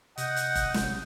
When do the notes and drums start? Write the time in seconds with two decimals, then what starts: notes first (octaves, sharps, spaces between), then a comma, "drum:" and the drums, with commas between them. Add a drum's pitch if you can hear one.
0.18 C3 D#5 F#5 G6, drum: hi-hat
0.36 drum: hi-hat
0.55 drum: kick F1, hi-hat
0.74 drum: snare